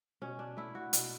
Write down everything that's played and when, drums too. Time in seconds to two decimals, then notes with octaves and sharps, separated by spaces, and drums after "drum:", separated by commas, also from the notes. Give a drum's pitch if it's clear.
0.22 B2 C#4
0.39 D4
0.57 A3 E4
0.75 F#4
0.93 B2, drum: hi-hat